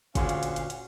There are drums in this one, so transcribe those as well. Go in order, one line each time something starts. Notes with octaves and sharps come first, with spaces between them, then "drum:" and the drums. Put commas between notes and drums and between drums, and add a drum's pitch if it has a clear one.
D2 A#2 C#4 F#4 G#4 F5, drum: kick, hi-hat
drum: hi-hat
drum: hi-hat
drum: hi-hat
drum: hi-hat